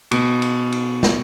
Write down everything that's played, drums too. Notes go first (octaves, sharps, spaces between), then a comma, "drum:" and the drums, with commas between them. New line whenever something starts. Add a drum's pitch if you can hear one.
B2, drum: cymbal
drum: cymbal
drum: cymbal
drum: snare